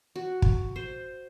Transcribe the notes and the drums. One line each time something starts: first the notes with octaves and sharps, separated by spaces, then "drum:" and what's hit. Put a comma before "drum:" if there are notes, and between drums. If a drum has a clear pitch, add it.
F#4
drum: kick
C5